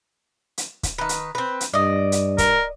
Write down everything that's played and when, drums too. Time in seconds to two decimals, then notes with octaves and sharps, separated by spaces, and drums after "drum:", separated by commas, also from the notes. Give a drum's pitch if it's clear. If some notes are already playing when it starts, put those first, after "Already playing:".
0.58 drum: hi-hat
0.83 drum: kick, hi-hat
0.98 D#3 B4
1.09 drum: hi-hat
1.35 C4 B4
1.61 drum: hi-hat
1.74 G2 D5 D#5
2.12 drum: hi-hat
2.38 A#4, drum: kick, hi-hat